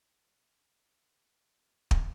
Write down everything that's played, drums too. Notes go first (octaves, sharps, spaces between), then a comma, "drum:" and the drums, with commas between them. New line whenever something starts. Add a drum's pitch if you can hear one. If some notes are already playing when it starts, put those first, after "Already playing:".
F#3 G3 E4 A#5 F#6
drum: kick